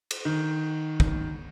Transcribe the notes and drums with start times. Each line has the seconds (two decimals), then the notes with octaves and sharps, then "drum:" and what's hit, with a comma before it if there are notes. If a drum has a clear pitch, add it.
0.11 drum: cymbal
0.25 D#3
1.00 drum: kick